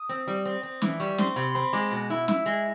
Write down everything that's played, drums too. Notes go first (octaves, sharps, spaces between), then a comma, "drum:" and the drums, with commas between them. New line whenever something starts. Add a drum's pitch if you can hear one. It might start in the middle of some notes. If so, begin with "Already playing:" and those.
Already playing: D#6
C4
G3
C4
C4
E3 D6, drum: snare
G3 C#6
C4 C6, drum: snare
C3 B5
C6
C4 B5
G#3 D6
B2
E4
E4, drum: snare
G#3